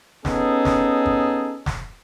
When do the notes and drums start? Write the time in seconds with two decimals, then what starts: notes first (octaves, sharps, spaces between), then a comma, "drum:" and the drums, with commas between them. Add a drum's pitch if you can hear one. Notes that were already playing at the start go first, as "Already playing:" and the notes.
0.25 B3 C#4 D#4 G#4 A4, drum: snare
0.65 drum: snare
1.06 drum: kick F#1
1.66 drum: snare